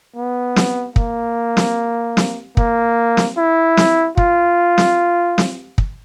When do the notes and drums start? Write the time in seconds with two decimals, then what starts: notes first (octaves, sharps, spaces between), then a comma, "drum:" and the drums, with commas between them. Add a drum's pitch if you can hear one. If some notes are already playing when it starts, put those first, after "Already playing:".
0.16 B3
0.56 drum: snare
0.96 A#3, drum: kick
1.57 drum: snare
2.17 drum: snare
2.57 A#3, drum: kick
3.17 drum: snare
3.37 E4
3.77 drum: snare
4.17 F4, drum: kick
4.78 drum: snare
5.38 drum: snare
5.78 drum: kick